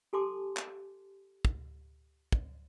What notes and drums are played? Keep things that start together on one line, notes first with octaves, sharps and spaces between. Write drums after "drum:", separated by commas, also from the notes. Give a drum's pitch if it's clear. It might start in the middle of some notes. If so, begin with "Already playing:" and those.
G4 A4 G#5 A5 C6 D6
drum: clap
drum: kick
drum: kick